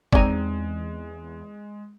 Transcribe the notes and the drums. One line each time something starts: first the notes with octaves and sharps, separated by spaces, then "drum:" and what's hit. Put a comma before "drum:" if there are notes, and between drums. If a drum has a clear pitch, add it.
E2 G#3 C4 D#4 D5 G#5 A#5, drum: kick G1